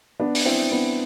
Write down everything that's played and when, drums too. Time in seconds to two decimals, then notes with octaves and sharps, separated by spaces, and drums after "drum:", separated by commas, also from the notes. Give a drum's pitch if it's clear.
0.20 B3 D4
0.35 drum: open hi-hat
0.46 C4 E4
0.72 B3 D4